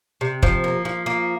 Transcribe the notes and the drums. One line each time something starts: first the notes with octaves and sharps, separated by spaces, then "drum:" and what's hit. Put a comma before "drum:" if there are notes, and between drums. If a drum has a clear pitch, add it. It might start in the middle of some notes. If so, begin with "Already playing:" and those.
C3
F3, drum: kick
A#3
F3
A#3